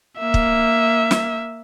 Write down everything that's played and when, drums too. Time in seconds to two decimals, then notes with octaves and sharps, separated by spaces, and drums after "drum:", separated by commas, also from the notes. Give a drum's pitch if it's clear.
0.19 A#3 E5
0.34 drum: kick
1.11 drum: snare